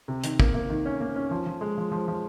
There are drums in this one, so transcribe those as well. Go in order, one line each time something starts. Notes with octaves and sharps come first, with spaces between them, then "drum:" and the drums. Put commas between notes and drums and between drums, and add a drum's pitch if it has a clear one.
C3
D#3, drum: hi-hat
A#3, drum: kick
A#3
D#3
C#4
A#3
C#4
F3
F3
G#3
F3
F3
F3